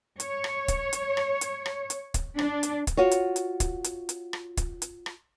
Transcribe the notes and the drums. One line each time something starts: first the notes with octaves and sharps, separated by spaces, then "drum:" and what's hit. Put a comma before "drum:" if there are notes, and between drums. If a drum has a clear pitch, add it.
C#5, drum: hi-hat
drum: rim click
drum: kick, hi-hat
drum: hi-hat
drum: rim click
drum: hi-hat
drum: rim click
drum: hi-hat
drum: kick, hi-hat
D4, drum: rim click
drum: hi-hat
drum: kick, hi-hat
F4 F#4 C#5
drum: hi-hat
drum: hi-hat
drum: kick, hi-hat
drum: hi-hat
drum: hi-hat
drum: rim click
drum: kick, hi-hat
drum: hi-hat
drum: rim click